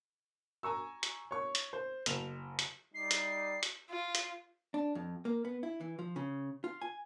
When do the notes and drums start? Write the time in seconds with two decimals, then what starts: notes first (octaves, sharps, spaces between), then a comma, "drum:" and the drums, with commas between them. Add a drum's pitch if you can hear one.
0.63 G#5 A#5 C#6 E6
1.03 drum: hi-hat
1.31 C#5 C#6
1.55 drum: hi-hat
1.73 C5
2.06 F#1 E7 F7, drum: hi-hat
2.59 drum: hi-hat
2.94 G3 D#4 D5 C7
3.11 drum: hi-hat
3.63 drum: hi-hat
3.91 F4
4.15 drum: hi-hat
4.74 D4
4.95 F2
5.25 A#3
5.45 B3
5.63 E4
5.81 E3
5.99 F3
6.16 C#3
6.64 F4
6.81 G#5